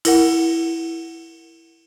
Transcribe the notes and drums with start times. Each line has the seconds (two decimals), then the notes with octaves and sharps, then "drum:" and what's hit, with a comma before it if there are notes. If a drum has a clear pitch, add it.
0.05 E4 A#4 F#5, drum: cymbal